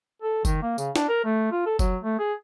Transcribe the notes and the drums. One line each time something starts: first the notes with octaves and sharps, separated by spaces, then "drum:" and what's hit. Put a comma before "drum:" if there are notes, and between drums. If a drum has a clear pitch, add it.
A4
D#3, drum: kick F#1, tambourine
A#3
C#3, drum: tambourine
D4, drum: snare
A#4
A3
F4
A4
F#3, drum: kick F#1, tambourine
A3
G#4